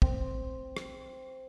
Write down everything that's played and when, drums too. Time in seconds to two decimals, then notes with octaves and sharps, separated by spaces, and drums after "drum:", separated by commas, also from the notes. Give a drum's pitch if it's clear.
0.02 C4, drum: kick
0.77 drum: rim click